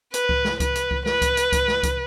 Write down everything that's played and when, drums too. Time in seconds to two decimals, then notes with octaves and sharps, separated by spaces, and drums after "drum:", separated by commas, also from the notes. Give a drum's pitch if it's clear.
0.14 B4, drum: hi-hat
0.29 drum: kick C#2
0.45 drum: snare
0.60 B4, drum: kick C#2, hi-hat
0.75 drum: hi-hat
0.91 drum: kick C#2
1.06 B4, drum: snare
1.22 drum: kick C#2, hi-hat
1.37 drum: hi-hat
1.53 drum: kick C#2, hi-hat
1.68 drum: snare
1.83 drum: kick C#2, hi-hat